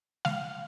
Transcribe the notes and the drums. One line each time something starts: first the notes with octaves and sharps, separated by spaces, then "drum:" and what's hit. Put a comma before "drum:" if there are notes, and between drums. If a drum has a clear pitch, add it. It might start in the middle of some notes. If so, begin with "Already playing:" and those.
F5, drum: snare G#3